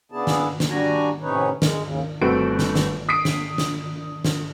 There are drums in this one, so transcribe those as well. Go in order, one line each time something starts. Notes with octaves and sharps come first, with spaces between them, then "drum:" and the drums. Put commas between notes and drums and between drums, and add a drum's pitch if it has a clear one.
C#3 B3 D4 E4 G#4 A5
drum: snare
drum: snare
G3 D4 F#4 G#5 A#5
A2 C3 C#4 D#4 B4 C#5
G#3, drum: snare
D#2 C#3
G1 A3 C4 F#4 B4 D7
drum: snare
drum: snare
D#6 B6 C7 D7
drum: snare
drum: snare
drum: snare